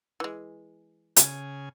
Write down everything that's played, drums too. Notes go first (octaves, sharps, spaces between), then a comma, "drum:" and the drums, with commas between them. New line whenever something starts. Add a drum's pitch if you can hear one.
E3 G#3
C#3 G#5, drum: hi-hat